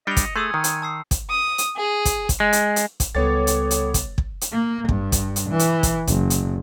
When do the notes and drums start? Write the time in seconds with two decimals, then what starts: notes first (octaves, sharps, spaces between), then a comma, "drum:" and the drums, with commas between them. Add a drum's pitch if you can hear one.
0.07 G3 D4 D#5 G5 C#7 F7
0.17 drum: kick, hi-hat
0.36 A3 G#4 G#5 C6 D#6 E6
0.54 D#3
0.64 drum: hi-hat
0.82 A5 E6 C7
1.11 drum: kick, hi-hat
1.30 D#6
1.58 drum: hi-hat
1.76 G#4
2.05 drum: kick, hi-hat
2.29 drum: kick, hi-hat
2.40 G#3
2.53 drum: hi-hat
2.76 drum: hi-hat
3.00 drum: kick, hi-hat
3.15 C#2 G3 B3 A4 C#5 D6 A6
3.47 drum: hi-hat
3.71 drum: hi-hat
3.94 drum: kick, hi-hat
4.18 drum: kick
4.41 drum: hi-hat
4.52 A#3
4.89 G2, drum: kick
5.12 drum: kick, hi-hat
5.36 drum: hi-hat
5.49 E3
5.59 drum: hi-hat
5.83 drum: kick, hi-hat
6.07 F#1, drum: kick, hi-hat
6.30 drum: hi-hat